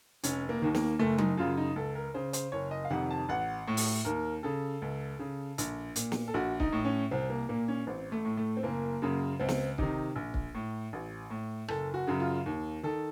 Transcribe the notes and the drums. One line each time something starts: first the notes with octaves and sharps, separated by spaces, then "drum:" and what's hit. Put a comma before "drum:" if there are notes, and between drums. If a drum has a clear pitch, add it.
F1 C#4, drum: hi-hat
A#3
D#2 D#3
A#3, drum: snare
F#1 A3
D#4, drum: tom F#3
F#2 C#3 F4
D#4
C#2 A4
A#4
C#3 C5
C5, drum: hi-hat
F#1 C#5
D#5
F5
F2 C3 D#3 F#5
A5
A1 F#5
A2
drum: open hi-hat
D#2 A#4
C#3 A4
C#2
C#3
A#1, drum: hi-hat
A#2, drum: hi-hat
drum: snare
A4
A#1 F#4
D#4, drum: kick
A2
C#4
C2 C4
A#3
A#2 A#3
C#4
A1 C4
A3
A2
A3
C4
F#1 A#3
F#2 C#3
C#2 C4
drum: snare
C3 D#3 D#4, drum: kick
A#1
drum: kick
A2
A1
A2
F#1 A4, drum: rim click
F#4
F#2 C#3
F4
D#2
D#3 A4